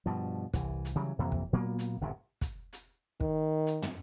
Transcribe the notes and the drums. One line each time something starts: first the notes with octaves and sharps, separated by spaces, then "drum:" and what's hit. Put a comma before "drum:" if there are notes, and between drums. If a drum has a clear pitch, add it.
G2 B2 F3
C2 E3, drum: kick, hi-hat
drum: hi-hat
C#3 E3 F#3 G3
F2 C3 E3 A#3
drum: kick
A#2 F#3 A#3 B3
drum: hi-hat
G1 F#2 A2 C3
drum: kick, hi-hat
drum: hi-hat
D#3, drum: kick
drum: hi-hat
drum: tom